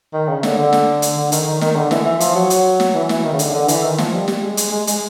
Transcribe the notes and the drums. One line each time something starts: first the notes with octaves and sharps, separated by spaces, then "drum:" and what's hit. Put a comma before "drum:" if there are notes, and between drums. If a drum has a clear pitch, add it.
D#3
C#3
D3, drum: snare
D3
drum: snare
drum: hi-hat
D3
D#3, drum: hi-hat
D#3
D#3, drum: snare
D3
E3, drum: snare
E3
F3, drum: hi-hat
F#3
drum: hi-hat
drum: snare
E3
drum: snare
D#3
C#3
D3, drum: hi-hat
D3
E3, drum: hi-hat
D#3
F3, drum: snare
G3
G3, drum: snare
G#3
drum: hi-hat
G#3
G#3, drum: hi-hat